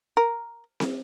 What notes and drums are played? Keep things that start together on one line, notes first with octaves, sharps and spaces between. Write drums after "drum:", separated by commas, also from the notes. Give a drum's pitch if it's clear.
A#4
drum: snare C4